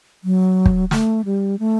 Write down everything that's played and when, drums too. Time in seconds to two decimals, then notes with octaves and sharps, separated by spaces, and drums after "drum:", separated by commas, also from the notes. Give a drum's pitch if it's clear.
0.24 F#3
0.66 drum: kick
0.91 A3, drum: snare
1.25 G3
1.59 A3